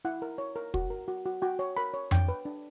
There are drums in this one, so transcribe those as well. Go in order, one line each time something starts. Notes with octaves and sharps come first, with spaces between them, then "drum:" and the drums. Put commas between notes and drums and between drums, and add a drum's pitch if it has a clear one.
E4 F#5
A#4
C#5
A#4
F#4, drum: kick
A#4
F#4
F#4
F#4 G5
C#5
A#4 B5
C#5
D4 G5, drum: tom F2
B4
D4